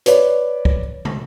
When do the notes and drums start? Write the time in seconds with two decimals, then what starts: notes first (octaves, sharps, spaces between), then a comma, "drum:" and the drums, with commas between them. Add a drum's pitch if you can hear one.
0.06 B4 C#5 D5, drum: hi-hat
0.65 drum: kick
1.05 drum: tom